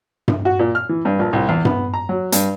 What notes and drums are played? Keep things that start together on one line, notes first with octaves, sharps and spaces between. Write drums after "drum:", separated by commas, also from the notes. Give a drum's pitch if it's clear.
drum: tom G2
F#4
A#2
F6
E3
G2
A#1
C2
E2
B3, drum: tom G2
A#5
F#3
G2, drum: hi-hat